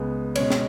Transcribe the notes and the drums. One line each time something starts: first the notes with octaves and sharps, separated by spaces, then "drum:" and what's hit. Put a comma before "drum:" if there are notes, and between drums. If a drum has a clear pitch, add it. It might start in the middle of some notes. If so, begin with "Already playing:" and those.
Already playing: C#2 C#3 G#3 B3
B2 G#3 C#4 C#5, drum: cymbal
drum: snare